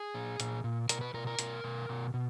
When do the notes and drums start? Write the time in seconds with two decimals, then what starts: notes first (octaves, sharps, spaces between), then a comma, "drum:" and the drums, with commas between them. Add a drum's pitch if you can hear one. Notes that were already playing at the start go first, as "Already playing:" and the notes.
Already playing: G#4
0.14 A#2
0.40 A#2, drum: hi-hat
0.64 A#2
0.89 B2 A#4, drum: hi-hat
1.01 B4
1.14 B2 A#4
1.27 A#4
1.39 B2, drum: hi-hat
1.64 B2
1.89 B2
2.14 B2